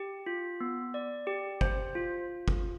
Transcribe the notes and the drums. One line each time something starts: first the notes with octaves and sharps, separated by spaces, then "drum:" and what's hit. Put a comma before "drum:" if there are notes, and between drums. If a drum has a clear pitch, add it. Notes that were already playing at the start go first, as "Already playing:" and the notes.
Already playing: G4
F4
B3
D5
G4
C5, drum: kick
F4
drum: kick